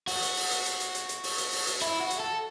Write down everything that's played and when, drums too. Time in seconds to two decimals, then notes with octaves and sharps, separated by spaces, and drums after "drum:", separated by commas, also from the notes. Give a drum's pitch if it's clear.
0.07 F#4, drum: open hi-hat
0.22 drum: hi-hat
0.37 drum: open hi-hat
0.51 drum: hi-hat
0.66 drum: hi-hat
0.80 drum: hi-hat
0.95 drum: hi-hat
1.09 drum: hi-hat
1.24 drum: open hi-hat
1.38 drum: hi-hat
1.52 drum: open hi-hat
1.67 drum: hi-hat
1.81 E4, drum: hi-hat
2.01 F#4
2.10 drum: hi-hat
2.20 A4